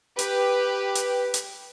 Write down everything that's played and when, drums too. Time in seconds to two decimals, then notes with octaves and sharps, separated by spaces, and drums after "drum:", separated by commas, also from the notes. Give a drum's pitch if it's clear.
0.19 G4 B4, drum: hi-hat
0.95 drum: hi-hat
1.34 drum: hi-hat